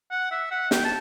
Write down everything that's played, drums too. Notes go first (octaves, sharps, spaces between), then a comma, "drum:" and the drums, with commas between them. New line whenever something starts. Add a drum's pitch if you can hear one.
F#5
E5
F#5
G5, drum: snare
A5